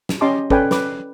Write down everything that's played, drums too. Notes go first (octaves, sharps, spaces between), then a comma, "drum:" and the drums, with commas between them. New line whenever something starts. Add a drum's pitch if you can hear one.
drum: snare
C#4 G4 D#5 A5 C6 D6
C#4 A4 B4 D5 G5 G#5, drum: kick
B4 D6, drum: snare